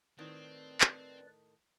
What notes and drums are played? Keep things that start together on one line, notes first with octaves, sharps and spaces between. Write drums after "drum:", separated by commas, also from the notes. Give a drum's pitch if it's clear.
A2 D#3 C4 B4 D5
drum: clap